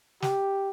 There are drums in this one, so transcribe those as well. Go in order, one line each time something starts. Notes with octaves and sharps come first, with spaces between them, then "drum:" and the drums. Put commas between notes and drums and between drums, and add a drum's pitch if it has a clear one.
G4, drum: snare